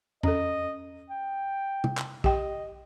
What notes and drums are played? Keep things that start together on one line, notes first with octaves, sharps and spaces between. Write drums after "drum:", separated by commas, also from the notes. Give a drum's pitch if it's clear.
C#4 A4 D#5, drum: tom E2
G5
drum: tom
drum: clap
G4 D#5 G5, drum: kick A#1